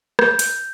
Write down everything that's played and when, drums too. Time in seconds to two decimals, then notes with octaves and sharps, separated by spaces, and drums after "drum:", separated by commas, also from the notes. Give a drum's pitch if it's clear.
0.19 G6, drum: rim click
0.39 drum: hi-hat